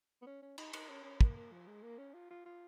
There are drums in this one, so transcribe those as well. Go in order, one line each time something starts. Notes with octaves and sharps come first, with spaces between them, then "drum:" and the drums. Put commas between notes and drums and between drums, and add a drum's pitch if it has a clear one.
B3
C#4
C#4
D#4, drum: cymbal
D#4, drum: cymbal
C#4
C#4
A#3, drum: kick
A#3
F3
G#3
A#3
C#4
F4
F4
F4